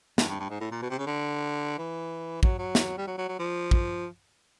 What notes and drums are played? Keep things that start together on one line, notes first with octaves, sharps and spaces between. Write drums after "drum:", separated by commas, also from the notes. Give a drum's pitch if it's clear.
G2, drum: snare
G2
G2
G#2
A2
A#2
B2
C3
C#3
D3
E3
F#3, drum: kick
F#3
drum: snare
G3
F#3
F#3
F#3
F3
drum: kick